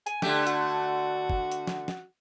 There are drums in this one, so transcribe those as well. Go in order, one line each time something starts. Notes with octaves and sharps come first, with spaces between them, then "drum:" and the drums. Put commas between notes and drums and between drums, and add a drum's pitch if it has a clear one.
G#5, drum: hi-hat
D3 A3 G4, drum: snare
F#4, drum: hi-hat
drum: kick
drum: hi-hat
drum: snare
drum: snare